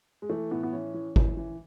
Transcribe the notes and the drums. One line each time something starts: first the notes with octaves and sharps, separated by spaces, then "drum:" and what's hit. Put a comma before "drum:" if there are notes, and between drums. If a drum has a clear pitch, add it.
G#3
E3 A3
A2 B3
B3
E3 C#4
E3
E3, drum: kick G#1
E3